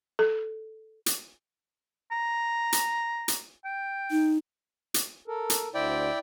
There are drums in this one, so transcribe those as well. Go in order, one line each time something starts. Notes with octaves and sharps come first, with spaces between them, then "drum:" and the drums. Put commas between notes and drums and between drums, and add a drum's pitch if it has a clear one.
A4
drum: hi-hat
A#5
drum: hi-hat
drum: hi-hat
G5
D#4
drum: hi-hat
A4 A#4
drum: hi-hat
D2 D3 E4 C5 D5 G5